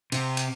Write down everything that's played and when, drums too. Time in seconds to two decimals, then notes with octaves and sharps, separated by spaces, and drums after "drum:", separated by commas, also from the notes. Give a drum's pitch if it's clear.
0.12 C3, drum: cymbal
0.37 drum: cymbal